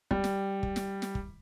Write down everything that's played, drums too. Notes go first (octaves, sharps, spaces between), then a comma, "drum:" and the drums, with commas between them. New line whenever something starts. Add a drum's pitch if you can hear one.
G3, drum: kick
drum: snare
drum: kick
drum: snare
drum: snare
drum: kick